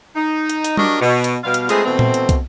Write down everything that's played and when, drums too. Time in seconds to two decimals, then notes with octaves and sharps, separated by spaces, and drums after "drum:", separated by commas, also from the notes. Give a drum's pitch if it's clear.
0.16 D#4
0.49 drum: hi-hat
0.64 drum: hi-hat
0.77 D4 F#4 G4 A#4 C#5 D#5, drum: tom G3
1.01 B2
1.24 drum: hi-hat
1.44 B2 G3 F5
1.54 drum: hi-hat
1.69 G#3 A3 B3 C4 F4 G#4, drum: hi-hat
1.84 B2 E3 A3 C4
1.99 drum: tom A#2
2.14 drum: hi-hat
2.29 drum: kick, hi-hat